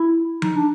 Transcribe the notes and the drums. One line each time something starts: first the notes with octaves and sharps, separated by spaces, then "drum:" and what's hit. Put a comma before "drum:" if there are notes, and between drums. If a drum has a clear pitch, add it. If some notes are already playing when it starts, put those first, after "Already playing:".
Already playing: E4
D#4, drum: tom F3
D4